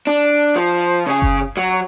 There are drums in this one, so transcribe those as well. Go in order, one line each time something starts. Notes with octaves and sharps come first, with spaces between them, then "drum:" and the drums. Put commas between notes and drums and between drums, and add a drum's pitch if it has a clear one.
D4
F3
C#3 G#4
drum: kick F#1
F#3